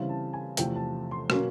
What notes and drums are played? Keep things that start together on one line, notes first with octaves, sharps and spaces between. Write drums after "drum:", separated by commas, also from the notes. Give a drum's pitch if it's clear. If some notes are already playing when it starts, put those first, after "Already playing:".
Already playing: C#3 E3 G3 C4 E4
A5
G#5
E2 C3 F3 A3 G5, drum: hi-hat
A5
C6
B2 F#3 A#3 C#4, drum: rim click